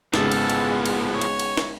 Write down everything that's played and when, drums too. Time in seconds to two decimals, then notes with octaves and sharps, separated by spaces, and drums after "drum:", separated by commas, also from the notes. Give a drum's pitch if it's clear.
0.14 G#1 A2 C#3 F3 G#3 B3 A4, drum: snare
0.32 drum: cymbal
0.50 drum: cymbal
0.86 drum: cymbal
1.12 C#5
1.21 drum: cymbal
1.39 drum: cymbal
1.57 drum: snare